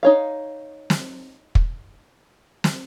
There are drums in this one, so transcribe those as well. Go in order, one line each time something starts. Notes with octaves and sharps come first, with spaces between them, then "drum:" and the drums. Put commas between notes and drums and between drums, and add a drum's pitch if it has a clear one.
D#4 C#5 F5
drum: snare
drum: kick
drum: snare